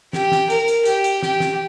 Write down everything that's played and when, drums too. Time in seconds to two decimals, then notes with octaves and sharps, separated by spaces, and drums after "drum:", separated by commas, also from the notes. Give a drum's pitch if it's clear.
0.13 G4, drum: snare
0.32 drum: snare
0.50 A#4, drum: hi-hat
0.68 drum: hi-hat
0.85 G4, drum: hi-hat
1.04 drum: hi-hat
1.23 G4, drum: snare
1.40 drum: snare